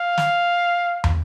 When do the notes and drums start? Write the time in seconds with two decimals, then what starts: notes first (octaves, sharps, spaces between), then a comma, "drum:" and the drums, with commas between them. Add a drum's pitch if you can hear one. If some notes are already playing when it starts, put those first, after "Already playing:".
Already playing: F5
0.18 drum: snare
1.04 drum: tom